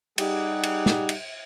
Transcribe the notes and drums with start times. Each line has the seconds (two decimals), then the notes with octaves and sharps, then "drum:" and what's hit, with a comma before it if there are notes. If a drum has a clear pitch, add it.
0.18 G3 D#4 G4 G#4 F#5, drum: cymbal
0.63 drum: cymbal
0.86 drum: snare
1.09 drum: cymbal